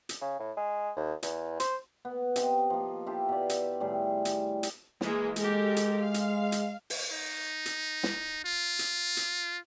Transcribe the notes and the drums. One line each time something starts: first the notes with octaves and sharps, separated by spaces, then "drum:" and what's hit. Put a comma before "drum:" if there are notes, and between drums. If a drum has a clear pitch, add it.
drum: hi-hat
C#3
A2
G#3
D#2
E2, drum: hi-hat
C5, drum: hi-hat
B3
C3 D#5 G5, drum: hi-hat
F3 A#3
E4 F4 G4 A4
B2 D5
drum: hi-hat
A2 D#3 G3 G#4
drum: hi-hat
drum: hi-hat
E3 G#3 A#3, drum: snare
G#3 G4 A4 A#4, drum: hi-hat
drum: hi-hat
F5
drum: hi-hat
drum: hi-hat
drum: open hi-hat
D#4
drum: hi-hat
drum: snare
F4
drum: hi-hat
drum: hi-hat